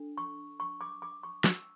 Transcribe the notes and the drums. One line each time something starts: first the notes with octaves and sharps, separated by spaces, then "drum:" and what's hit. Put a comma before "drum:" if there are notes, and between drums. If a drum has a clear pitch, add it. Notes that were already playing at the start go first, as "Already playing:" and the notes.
Already playing: D4 A4
C#6
C#6
D6
D6
C#6
E6, drum: snare